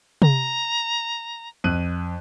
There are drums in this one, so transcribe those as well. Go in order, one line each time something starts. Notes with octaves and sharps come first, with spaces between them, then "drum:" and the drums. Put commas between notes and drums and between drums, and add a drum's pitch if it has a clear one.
A#5, drum: tom C3
F2 F#6 D#7